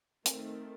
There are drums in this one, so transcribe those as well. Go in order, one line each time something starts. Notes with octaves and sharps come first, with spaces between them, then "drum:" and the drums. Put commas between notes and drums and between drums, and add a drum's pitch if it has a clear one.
D#3 A3 C4, drum: hi-hat